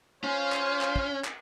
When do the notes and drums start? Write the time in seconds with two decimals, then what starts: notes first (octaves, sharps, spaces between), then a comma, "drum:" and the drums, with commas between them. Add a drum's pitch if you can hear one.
0.24 C#4 F4 C5 F5
0.52 drum: clap
0.81 drum: clap
0.96 drum: kick
1.24 drum: clap